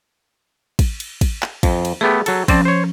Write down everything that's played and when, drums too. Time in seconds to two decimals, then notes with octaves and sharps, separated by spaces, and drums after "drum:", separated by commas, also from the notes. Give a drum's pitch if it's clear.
0.79 drum: kick, cymbal
1.00 drum: cymbal
1.21 drum: kick, cymbal
1.42 drum: clap
1.63 F2, drum: kick, cymbal
1.85 drum: cymbal
2.01 A3 B3 G4 G#4
2.26 F#3 A4, drum: cymbal
2.48 F3 C4 C#4 D5 A5, drum: kick, cymbal
2.65 C5 C#5